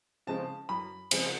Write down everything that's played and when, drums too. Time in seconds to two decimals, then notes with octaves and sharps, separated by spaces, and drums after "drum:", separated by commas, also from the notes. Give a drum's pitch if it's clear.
0.27 C#3 F3 G#3 C4 A5
0.69 F#2 B5
1.11 C#3 F3 G#3 C4, drum: cymbal